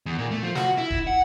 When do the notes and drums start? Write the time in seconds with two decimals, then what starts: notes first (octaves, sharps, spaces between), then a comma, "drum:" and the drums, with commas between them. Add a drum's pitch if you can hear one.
0.06 E2
0.18 A#2
0.31 A3
0.43 F3
0.55 F#4, drum: snare
0.77 E4
0.91 drum: kick D#1
1.07 F#5